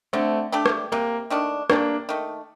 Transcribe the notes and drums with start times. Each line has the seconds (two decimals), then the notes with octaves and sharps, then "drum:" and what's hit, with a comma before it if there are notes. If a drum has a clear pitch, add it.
0.13 D3 A3 C4
0.52 A3 D4 G4
0.66 drum: rim click
0.92 C3 A#3
1.30 D#3 A3 D4
1.70 C3 A#3 D4, drum: rim click
2.09 D#3 A3